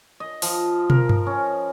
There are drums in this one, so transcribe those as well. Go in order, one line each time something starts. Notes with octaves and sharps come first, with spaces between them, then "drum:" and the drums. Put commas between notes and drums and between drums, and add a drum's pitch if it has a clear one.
D#5
F3, drum: open hi-hat
A#4, drum: tom
drum: tom G2
C#4